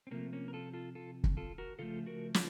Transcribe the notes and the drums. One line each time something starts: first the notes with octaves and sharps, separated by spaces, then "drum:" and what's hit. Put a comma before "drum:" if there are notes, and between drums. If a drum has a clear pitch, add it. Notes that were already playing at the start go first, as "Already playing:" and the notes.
C4
C3 F3 A3 A#3 C#4
A#3 C#4
A#4
F4 A4
F4 A4
F4 A4
drum: kick
F4 A4
F#4 A#4
C#3 F3 A3 F4 A4
F#4 A#4
F4, drum: snare